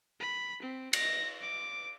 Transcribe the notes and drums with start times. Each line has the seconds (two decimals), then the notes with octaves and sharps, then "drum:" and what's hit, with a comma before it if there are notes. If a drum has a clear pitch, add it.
0.20 B5
0.62 C4
0.93 A#6, drum: cymbal
1.41 D6